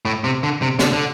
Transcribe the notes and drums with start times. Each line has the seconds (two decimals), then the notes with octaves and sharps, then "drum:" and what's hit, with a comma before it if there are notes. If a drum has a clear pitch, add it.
0.05 A2
0.24 C3
0.43 D3
0.62 C3
0.79 D3, drum: snare
0.93 D3